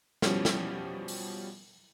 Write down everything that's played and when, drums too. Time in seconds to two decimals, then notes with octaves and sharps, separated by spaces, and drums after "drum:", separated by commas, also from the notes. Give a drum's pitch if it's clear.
0.22 B2 F3 G3 C#4, drum: snare
0.45 drum: snare
1.08 drum: open hi-hat